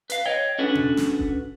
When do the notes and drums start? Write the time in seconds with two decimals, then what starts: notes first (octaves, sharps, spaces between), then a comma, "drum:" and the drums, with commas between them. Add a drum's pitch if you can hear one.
0.10 B4 F5, drum: hi-hat
0.26 C#5 D#5 G5
0.59 C#4 D4 F#4 A4 B4
0.75 drum: tom B2
0.97 drum: snare
1.19 drum: kick F#1